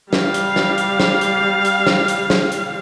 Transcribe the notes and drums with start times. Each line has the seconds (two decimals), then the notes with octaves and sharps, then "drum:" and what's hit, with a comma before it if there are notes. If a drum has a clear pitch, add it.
0.13 G3 F5, drum: snare
0.34 drum: hi-hat
0.56 drum: snare
0.78 drum: hi-hat
1.00 drum: snare
1.21 drum: hi-hat
1.65 drum: hi-hat
1.87 drum: snare
2.08 drum: hi-hat
2.30 drum: snare
2.52 drum: hi-hat